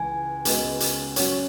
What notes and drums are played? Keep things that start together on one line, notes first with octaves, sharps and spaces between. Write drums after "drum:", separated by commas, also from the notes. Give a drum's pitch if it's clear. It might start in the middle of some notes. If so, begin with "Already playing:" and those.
Already playing: C#2 C#3 E3 G#5
C#2 C#3 G#3 B3 F#4, drum: hi-hat
drum: hi-hat
F#3 C#4 F#4 C#5, drum: hi-hat